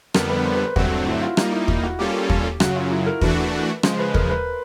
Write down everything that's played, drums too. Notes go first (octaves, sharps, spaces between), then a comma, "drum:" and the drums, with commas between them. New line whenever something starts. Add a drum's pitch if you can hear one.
F2 D3 G3 B3 A#4, drum: rim click
B4
C5
B4
C5
G2 D3 F#3 A3 C4 F#4, drum: kick
E4
F4
G3 A#3 D#4 F4, drum: rim click
E4
E4, drum: kick
F#4
G3 A#3 C#4 F4 G4 A4
drum: kick
F#2 C#3 F#3 F#4, drum: rim click
F4
E4
A#4
E3 A3 D4 F#4 B4, drum: kick
C#3 F3 G#3 C5, drum: rim click
B4
A#4, drum: kick
B4